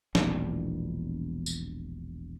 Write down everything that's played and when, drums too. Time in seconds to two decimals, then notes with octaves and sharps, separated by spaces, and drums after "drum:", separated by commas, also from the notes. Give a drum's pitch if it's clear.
0.15 E1 A#1 E3 G3 B3, drum: snare
1.46 drum: tambourine